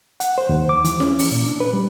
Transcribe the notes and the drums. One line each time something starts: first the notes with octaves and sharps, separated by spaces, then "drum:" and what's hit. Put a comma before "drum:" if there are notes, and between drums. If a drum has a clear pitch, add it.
F#5, drum: hi-hat
C5
D#2
D6
E3, drum: hi-hat
C#4, drum: snare E4
drum: open hi-hat
A#2
D4
B4
G3